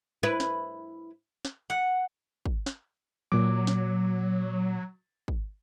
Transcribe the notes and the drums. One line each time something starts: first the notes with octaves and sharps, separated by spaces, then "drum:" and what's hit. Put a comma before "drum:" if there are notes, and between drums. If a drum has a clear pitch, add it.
E4 B4
drum: snare
drum: snare
F#5
drum: kick
drum: snare
A#2 F#3 D6
drum: snare
drum: kick